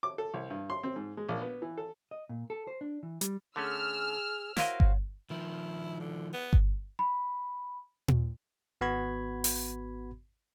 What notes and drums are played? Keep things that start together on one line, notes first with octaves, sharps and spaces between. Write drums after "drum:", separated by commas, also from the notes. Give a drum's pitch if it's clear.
D6
A4
C2
G2
C6
C4
G#2
G#3
A#1
B3
E3
A4
D#5
A#2
A4
C5
D4
E3
G3, drum: hi-hat
D3 A3 C#4 G#4 E6 F6
E4 F#4 A#4 C5 C#5 D#5 F5, drum: snare
drum: kick G1
D#3 F3 E4
D3
B3
drum: kick G1
B5
drum: tom A#2
G#1 B3 F#4 B5 G#6
drum: open hi-hat